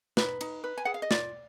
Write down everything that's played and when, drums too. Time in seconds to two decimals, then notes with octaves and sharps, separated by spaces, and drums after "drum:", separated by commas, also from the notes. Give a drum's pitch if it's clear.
0.17 D#4 B4, drum: snare
0.41 D#4, drum: cymbal
0.64 B4
0.78 G#5
0.85 G#4 F#5
0.94 F5
1.02 D#5
1.11 F4 D5, drum: snare